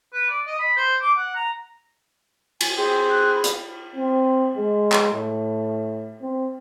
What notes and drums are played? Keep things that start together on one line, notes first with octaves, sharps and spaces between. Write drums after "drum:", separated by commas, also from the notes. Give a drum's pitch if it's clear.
B4
D5
D#5
B5
C5
D6
F#5
A#5
G#5, drum: cymbal
C4 G#4
F#6
B5
drum: hi-hat
C4
G#3
drum: clap
A2
C4